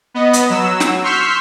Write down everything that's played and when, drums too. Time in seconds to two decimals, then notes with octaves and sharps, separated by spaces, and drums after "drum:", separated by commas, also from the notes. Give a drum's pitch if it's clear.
0.14 B3 D#5
0.33 drum: hi-hat
0.50 F#3 E6
0.80 drum: snare
1.04 C6 C#6 E6 F6 G6 B6